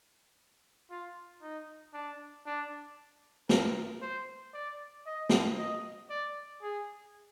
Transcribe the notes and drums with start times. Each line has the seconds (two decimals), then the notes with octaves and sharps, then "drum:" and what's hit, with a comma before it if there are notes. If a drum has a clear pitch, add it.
0.90 F4
1.42 D#4
1.94 D4
2.46 D4
3.49 A#4, drum: snare
4.02 C5
4.54 D5
5.06 D#5
5.29 drum: snare
5.58 D#5
6.10 D5
6.62 G#4